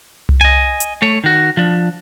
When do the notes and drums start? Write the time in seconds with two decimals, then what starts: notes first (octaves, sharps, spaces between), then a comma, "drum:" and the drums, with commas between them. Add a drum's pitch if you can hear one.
0.29 drum: tom C2
0.41 D#5 G#5
0.80 drum: hi-hat
1.02 A3 C#5
1.24 D#3 F#4
1.57 F3 D4